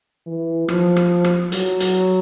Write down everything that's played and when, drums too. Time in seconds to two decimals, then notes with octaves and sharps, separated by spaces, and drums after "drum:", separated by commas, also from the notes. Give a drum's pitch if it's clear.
0.27 E3
0.68 F3, drum: rim click
0.96 drum: rim click
1.24 drum: rim click
1.52 F#3, drum: hi-hat
1.80 drum: hi-hat